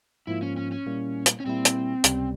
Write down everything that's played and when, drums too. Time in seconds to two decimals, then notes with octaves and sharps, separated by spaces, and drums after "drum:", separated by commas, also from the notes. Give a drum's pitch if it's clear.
0.27 G#2 F3 A#3 E4 F4
0.42 C#4
0.57 C#4
0.72 C#4
0.86 A#2 G3 A#3 E4
1.26 drum: hi-hat
1.40 C#4
1.45 A#2 G3 A#3 C4 E4
1.65 drum: hi-hat
2.04 C#2 C3 G3 C#4, drum: hi-hat